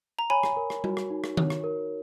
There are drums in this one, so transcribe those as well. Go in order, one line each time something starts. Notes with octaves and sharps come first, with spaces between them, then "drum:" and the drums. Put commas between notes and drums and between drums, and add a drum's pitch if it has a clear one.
A#5
C#5 G#5 B5
drum: rim click
A#4
drum: rim click
F#4, drum: tom G3
drum: rim click
D#4
drum: rim click
C#5, drum: tom D#3
drum: rim click
A#4